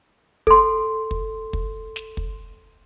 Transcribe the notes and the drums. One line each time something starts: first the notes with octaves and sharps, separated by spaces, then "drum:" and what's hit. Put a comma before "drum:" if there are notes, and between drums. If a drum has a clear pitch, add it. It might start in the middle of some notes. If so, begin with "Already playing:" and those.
A4 C6, drum: kick
drum: kick
drum: kick
drum: snare
drum: kick